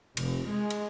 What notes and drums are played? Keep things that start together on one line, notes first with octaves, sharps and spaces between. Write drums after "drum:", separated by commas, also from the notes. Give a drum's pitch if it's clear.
F1, drum: cymbal
G#3
drum: cymbal